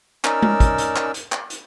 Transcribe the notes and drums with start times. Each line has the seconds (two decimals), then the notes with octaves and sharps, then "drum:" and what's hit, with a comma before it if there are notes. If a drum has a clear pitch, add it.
0.25 C#4 D#4 A#4 D5 E6, drum: clap
0.42 drum: tom G#3
0.60 drum: kick, hi-hat
0.78 drum: hi-hat
0.96 drum: clap
1.14 drum: hi-hat
1.32 drum: clap
1.50 drum: hi-hat